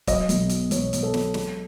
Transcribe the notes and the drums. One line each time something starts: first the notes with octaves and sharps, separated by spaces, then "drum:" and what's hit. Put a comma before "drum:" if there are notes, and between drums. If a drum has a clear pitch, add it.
F#3 D#5, drum: kick, hi-hat
B1, drum: hi-hat
F#3, drum: hi-hat
B1 C#5, drum: hi-hat
B1, drum: hi-hat
A4
F#3, drum: snare
G#3, drum: snare